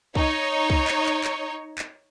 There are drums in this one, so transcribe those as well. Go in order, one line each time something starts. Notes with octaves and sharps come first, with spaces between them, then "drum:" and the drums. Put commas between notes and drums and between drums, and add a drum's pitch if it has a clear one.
D#4 C#5, drum: kick
drum: kick
drum: clap
drum: clap
drum: clap
drum: clap